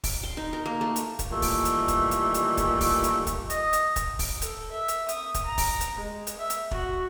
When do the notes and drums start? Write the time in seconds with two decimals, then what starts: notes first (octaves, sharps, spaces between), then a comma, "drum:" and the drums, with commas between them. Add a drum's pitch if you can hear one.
0.04 drum: kick, open hi-hat
0.23 C6
0.37 D#4
0.53 A#4
0.66 A#3
0.81 A3
0.96 drum: hi-hat
1.19 drum: kick, hi-hat
1.31 A#2 D#3 E3 G3 A3
1.42 drum: kick, open hi-hat
1.65 drum: hi-hat
1.88 drum: kick, hi-hat
2.11 drum: hi-hat
2.34 drum: hi-hat
2.57 drum: kick, hi-hat
2.81 drum: kick, open hi-hat
3.04 drum: hi-hat
3.27 drum: kick, hi-hat
3.50 D#5, drum: hi-hat
3.73 drum: hi-hat
3.96 drum: kick, hi-hat
4.19 drum: kick, open hi-hat
4.42 A4, drum: hi-hat
4.71 E5
4.88 drum: hi-hat
5.09 D#6, drum: hi-hat
5.35 drum: kick, hi-hat
5.46 A#5
5.58 drum: kick, open hi-hat
5.81 drum: hi-hat
5.96 G#3
6.27 drum: hi-hat
6.38 E5
6.50 drum: hi-hat
6.71 F#4, drum: kick